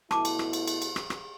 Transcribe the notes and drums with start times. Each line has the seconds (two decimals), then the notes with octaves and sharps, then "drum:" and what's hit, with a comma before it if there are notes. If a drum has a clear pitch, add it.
0.11 B2 A3 E4 A5 D6, drum: rim click
0.25 drum: cymbal
0.39 drum: rim click
0.53 drum: cymbal
0.67 drum: cymbal
0.82 drum: cymbal
0.96 drum: rim click
1.10 drum: rim click